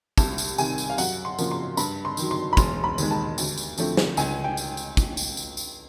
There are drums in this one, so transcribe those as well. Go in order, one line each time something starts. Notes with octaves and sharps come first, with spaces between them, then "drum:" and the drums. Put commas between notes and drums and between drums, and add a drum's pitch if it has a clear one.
C2 A5, drum: kick, tambourine
drum: tambourine
C3 D#3 G#5, drum: tambourine
drum: tambourine
F5
F#2 F#5, drum: tambourine
C6
C#3 F3 A#3, drum: tambourine
C6
G2 B5, drum: tambourine
C6
D#3 F#3, drum: tambourine
C6
B5
E1 C6, drum: kick, tambourine
B5
D#2 D#3 G#3, drum: tambourine
A5
D2, drum: tambourine
drum: tambourine
D3 F3 A3 C4, drum: tambourine
drum: snare
C#2 G#5, drum: tambourine
G5
drum: tambourine
drum: tambourine
drum: kick, tambourine
drum: tambourine
drum: tambourine
drum: tambourine